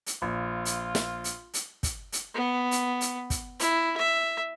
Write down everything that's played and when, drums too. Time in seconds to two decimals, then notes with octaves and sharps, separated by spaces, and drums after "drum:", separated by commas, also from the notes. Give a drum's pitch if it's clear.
0.07 drum: hi-hat
0.22 A#1 F4
0.65 drum: hi-hat
0.95 drum: snare
1.24 drum: hi-hat
1.54 drum: hi-hat
1.83 drum: kick, hi-hat
2.12 drum: hi-hat
2.34 B3
2.71 drum: hi-hat
3.01 drum: hi-hat
3.30 drum: kick, hi-hat
3.60 E4, drum: hi-hat
3.97 E5